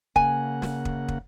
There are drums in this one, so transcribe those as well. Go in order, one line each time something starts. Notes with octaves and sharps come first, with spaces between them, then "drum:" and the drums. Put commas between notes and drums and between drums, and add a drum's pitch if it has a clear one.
C#3 A#3 F#5 G#5, drum: kick
drum: snare
drum: kick
drum: kick